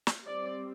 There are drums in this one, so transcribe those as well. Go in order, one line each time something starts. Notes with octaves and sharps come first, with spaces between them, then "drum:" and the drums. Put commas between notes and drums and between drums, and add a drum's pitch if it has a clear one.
drum: snare
G3 C4 D5